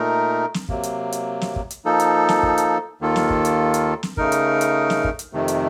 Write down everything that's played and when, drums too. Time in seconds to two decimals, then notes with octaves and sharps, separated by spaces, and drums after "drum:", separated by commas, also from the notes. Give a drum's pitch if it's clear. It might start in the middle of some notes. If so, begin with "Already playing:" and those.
Already playing: A#2 A3 D#4 A#4
0.54 drum: snare
0.69 C3 F#3 A#3, drum: kick
0.83 drum: hi-hat
1.12 drum: hi-hat
1.41 drum: snare
1.56 drum: kick
1.70 drum: hi-hat
1.85 F3 A#3 D#4 A4
2.00 drum: hi-hat
2.29 drum: snare
2.43 drum: kick
2.58 drum: hi-hat
3.01 D#2 D#3 A#3 F4 A4
3.16 drum: snare
3.30 drum: kick
3.45 drum: hi-hat
3.74 drum: hi-hat
4.03 drum: snare
4.17 C#3 A3 D#4 A#4, drum: kick
4.32 drum: hi-hat
4.61 drum: hi-hat
4.90 drum: snare
5.04 drum: kick
5.19 drum: hi-hat
5.33 F2 C3 D#3 A3
5.48 drum: hi-hat